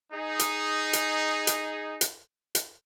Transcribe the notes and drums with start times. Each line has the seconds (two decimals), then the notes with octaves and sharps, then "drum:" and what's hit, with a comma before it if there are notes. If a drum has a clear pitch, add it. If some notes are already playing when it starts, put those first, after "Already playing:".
0.13 D#4 G#4
0.39 drum: hi-hat
0.93 drum: hi-hat
1.47 drum: hi-hat
2.01 drum: hi-hat
2.55 drum: hi-hat